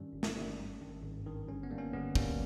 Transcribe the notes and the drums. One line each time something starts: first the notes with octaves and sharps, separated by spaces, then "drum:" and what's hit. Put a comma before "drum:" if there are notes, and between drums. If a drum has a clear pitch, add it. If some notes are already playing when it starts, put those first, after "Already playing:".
Already playing: G2 D#3 G3 C#4
G1
drum: snare
G2 D#3 G3
G#1
G2 D#3
G#1
G2 D#3
G1 C#4
B3
G2 G3 A#3
C#4
G1 B3
G2 G3 A#3 C#4, drum: kick